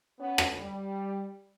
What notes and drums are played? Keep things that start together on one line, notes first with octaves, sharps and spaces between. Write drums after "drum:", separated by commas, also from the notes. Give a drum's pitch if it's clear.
B3 C#4
drum: rim click
G3